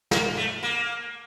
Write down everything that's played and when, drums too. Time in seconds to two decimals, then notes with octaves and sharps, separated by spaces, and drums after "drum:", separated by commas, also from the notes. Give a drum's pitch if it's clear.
0.11 A#3, drum: snare
0.37 A3
0.63 A#3